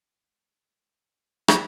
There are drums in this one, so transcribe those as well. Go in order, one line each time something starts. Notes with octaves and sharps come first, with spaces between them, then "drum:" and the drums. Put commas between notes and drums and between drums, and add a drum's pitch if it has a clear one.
G#3
G#3
G#3
drum: rim click